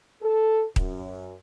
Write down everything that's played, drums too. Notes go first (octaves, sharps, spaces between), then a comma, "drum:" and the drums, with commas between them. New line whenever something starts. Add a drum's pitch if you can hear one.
A4
F#2, drum: kick D#1